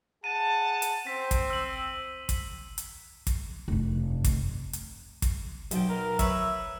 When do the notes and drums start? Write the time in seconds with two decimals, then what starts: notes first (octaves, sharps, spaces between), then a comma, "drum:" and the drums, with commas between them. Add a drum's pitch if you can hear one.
0.24 G#4 F#5 A5 D#7
0.82 drum: hi-hat
1.07 C4 B6
1.31 drum: kick, hi-hat
1.50 E6 F#7
2.29 drum: kick, hi-hat
2.78 drum: hi-hat
3.27 drum: kick, hi-hat
3.68 F1 G2
4.24 drum: kick, hi-hat
4.73 drum: hi-hat
5.22 drum: kick, hi-hat
5.71 B1 G5, drum: hi-hat
5.89 A#4
6.19 B4 C#5 E5, drum: kick, hi-hat